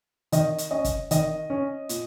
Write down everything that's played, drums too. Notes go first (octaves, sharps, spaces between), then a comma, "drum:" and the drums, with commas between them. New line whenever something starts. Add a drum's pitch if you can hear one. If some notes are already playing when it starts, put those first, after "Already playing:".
D#3 D#5, drum: hi-hat
drum: hi-hat
C#4 D#5
drum: kick, hi-hat
D#3 D#5, drum: hi-hat
C#4
A#2, drum: hi-hat